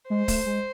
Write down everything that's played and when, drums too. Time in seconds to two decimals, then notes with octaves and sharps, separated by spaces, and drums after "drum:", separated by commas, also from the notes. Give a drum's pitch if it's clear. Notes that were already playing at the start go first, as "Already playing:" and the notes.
0.10 G#3 C5
0.28 A3, drum: kick C#1, open hi-hat
0.46 G#3